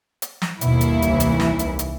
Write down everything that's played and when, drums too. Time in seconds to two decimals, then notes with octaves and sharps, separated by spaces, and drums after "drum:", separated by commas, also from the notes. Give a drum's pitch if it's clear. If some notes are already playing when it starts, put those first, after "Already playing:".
0.22 drum: hi-hat
0.42 drum: snare
0.61 G1 D#2 B2 E4, drum: hi-hat
0.81 drum: hi-hat
1.02 C2 E3, drum: hi-hat
1.20 drum: hi-hat
1.40 drum: snare
1.59 drum: hi-hat
1.79 drum: hi-hat